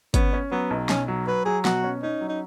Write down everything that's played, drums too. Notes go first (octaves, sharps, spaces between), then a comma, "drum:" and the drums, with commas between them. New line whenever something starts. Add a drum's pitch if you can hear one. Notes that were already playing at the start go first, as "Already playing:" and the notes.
B3 C#4, drum: kick G1, hi-hat
C#4
F#3 B3
B1
B1 C#4, drum: snare
F#3
F#3 B4
F#3 G#4
B2 F#4, drum: snare
C#4
C#4 D#4
F#3
D#4